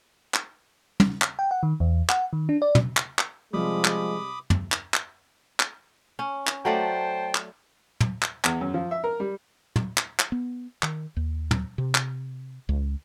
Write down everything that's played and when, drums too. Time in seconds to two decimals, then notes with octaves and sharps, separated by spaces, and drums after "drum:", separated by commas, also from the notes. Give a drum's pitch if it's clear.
0.34 drum: clap
1.00 drum: tom
1.22 drum: clap
1.39 G5
1.51 F#5
1.63 D#3
1.80 E2
2.09 F#5, drum: clap
2.33 D#3
2.49 D4
2.62 D5
2.75 drum: tom
2.97 drum: clap
3.19 drum: clap
3.53 C3 F3 G3 G#3 B5 D6 D#6
3.84 drum: clap
4.50 drum: tom
4.72 drum: clap
4.94 drum: clap
5.60 drum: clap
6.19 C#4
6.47 drum: clap
6.65 F#3 A3 C5 D5 G5 A5
7.35 drum: clap
8.00 drum: tom
8.22 drum: clap
8.44 E2, drum: clap
8.61 F#2
8.74 F3
8.91 E5
9.04 A#4
9.20 G3
9.76 drum: tom
9.98 drum: clap
10.19 drum: clap
10.32 B3
10.83 D#3, drum: clap
11.16 D#2
11.51 drum: tom
11.78 C3
11.95 drum: clap
12.69 C#2